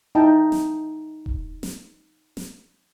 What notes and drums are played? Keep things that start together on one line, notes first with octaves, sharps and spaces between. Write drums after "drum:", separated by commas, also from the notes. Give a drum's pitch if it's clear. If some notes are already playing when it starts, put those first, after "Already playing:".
D#4 E4 D#5 G5 A5
drum: snare
drum: kick E1
drum: snare
drum: snare